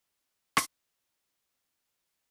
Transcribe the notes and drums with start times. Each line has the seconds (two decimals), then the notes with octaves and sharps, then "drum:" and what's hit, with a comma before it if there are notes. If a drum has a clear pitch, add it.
0.15 A2 C#3 A3
0.57 drum: rim click
0.92 A#3
1.51 B4